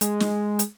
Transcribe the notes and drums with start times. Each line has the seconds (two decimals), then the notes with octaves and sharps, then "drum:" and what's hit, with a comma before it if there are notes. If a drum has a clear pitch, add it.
0.01 G#3, drum: hi-hat
0.20 drum: snare
0.59 drum: hi-hat